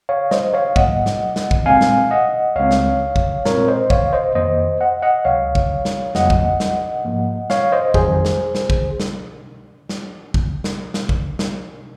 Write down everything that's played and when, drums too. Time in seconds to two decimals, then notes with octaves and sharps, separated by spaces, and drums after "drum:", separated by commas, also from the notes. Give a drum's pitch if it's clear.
0.09 C#5 F5
0.31 C5 D#5, drum: snare
0.53 C#5 F5
0.76 G#2 F#3 A#3 D#5 F#5, drum: kick
1.06 drum: snare
1.36 drum: snare
1.51 drum: kick
1.66 A#2 G#3 C4 F5 G#5
1.81 drum: snare
2.11 D#5 F#5
2.56 C#2 C#3 G#3 C4 C#5 F5
2.71 drum: snare
3.16 drum: kick
3.45 A#2 G#3 C4 A#4 C#5, drum: snare
3.68 C5 D#5
3.90 C#5 F5, drum: kick
4.13 C5 D#5
4.35 F2 D#3 A#3 C5 D#5
4.81 D#5 F#5
5.02 D#5 F#5
5.25 C#2 C3 F#3 C#5 F5
5.55 drum: kick
5.85 drum: snare
6.15 F2 C#3 F#3 A#3 D#5 F#5, drum: snare
6.30 drum: kick
6.60 drum: snare
7.05 G#2 F3 A#3
7.50 C#5 F5, drum: snare
7.72 C5 D#5
7.94 F2 D#3 F#3 G#4 C5, drum: kick
8.25 drum: snare
8.55 drum: snare
8.70 drum: kick
9.00 drum: snare
9.89 drum: snare
10.34 drum: kick
10.64 drum: snare
10.94 drum: snare
11.09 drum: kick
11.39 drum: snare